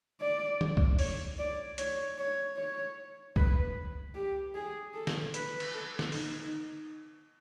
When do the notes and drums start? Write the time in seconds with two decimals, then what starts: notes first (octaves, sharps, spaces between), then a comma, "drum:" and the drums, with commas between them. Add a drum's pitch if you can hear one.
0.20 D5
0.61 drum: tom D#3
0.77 drum: kick C2
0.99 C#5, drum: open hi-hat
1.38 D5
1.78 C#5, drum: hi-hat
2.18 C#5
2.56 C#5
3.36 B4, drum: kick C2
4.15 G4
4.55 G#4
4.94 A4
5.07 drum: snare
5.34 B4, drum: hi-hat
5.60 drum: cymbal
5.73 A4
5.99 drum: snare
6.12 D#4, drum: open hi-hat